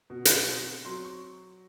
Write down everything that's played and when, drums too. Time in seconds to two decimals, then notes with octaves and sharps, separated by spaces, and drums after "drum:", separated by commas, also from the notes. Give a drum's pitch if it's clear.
0.10 B2
0.25 drum: hi-hat
0.48 C4
0.85 F#3 C6
1.05 C#6